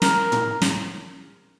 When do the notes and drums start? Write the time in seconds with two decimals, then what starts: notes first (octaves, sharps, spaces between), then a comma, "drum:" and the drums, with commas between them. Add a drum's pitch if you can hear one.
0.02 A#4, drum: snare
0.32 drum: tom
0.62 drum: snare